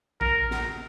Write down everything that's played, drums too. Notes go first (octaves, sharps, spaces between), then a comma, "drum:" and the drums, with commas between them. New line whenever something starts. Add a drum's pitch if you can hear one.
A#4, drum: kick A1
drum: snare